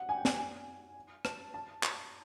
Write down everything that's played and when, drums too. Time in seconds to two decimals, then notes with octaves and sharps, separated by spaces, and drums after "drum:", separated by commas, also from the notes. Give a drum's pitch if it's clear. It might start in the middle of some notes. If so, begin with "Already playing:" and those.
Already playing: F#5
0.09 G#5
0.17 G5
0.25 G#5, drum: snare
0.37 G#5
1.25 A5, drum: rim click
1.54 A5
1.83 A#5, drum: clap